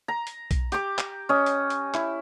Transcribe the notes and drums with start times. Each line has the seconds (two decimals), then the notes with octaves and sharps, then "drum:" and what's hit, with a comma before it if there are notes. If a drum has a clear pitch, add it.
0.08 A#5
0.27 drum: hi-hat
0.51 drum: kick B1, hi-hat
0.72 G4 D6, drum: hi-hat
0.99 drum: clap
1.29 C#4 D#5
1.46 drum: hi-hat
1.70 drum: hi-hat
1.94 E4, drum: clap